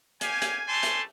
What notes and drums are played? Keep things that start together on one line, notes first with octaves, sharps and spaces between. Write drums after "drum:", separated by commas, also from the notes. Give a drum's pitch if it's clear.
G4 F5 G#5, drum: hi-hat
drum: hi-hat
G3 A3 G#5 A5 C6
drum: hi-hat